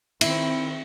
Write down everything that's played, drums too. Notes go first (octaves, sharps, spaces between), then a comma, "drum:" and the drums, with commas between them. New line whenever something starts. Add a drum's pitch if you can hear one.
D#3 C4 E4, drum: cymbal